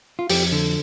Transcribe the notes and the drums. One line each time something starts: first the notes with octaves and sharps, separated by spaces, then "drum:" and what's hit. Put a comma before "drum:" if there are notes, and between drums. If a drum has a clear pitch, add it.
F4
F2 G4, drum: open hi-hat
D3